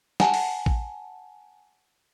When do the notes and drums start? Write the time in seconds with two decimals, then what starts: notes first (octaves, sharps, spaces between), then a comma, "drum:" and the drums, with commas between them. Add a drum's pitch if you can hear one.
0.20 F#5 G#5 A5, drum: snare
0.34 drum: open hi-hat
0.66 drum: kick A1